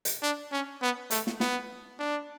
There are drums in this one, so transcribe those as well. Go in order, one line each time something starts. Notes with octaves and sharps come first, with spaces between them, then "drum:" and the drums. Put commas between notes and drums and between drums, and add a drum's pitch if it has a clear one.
drum: hi-hat
D4
C#4
B3
A3, drum: hi-hat
drum: snare
B3, drum: snare
D4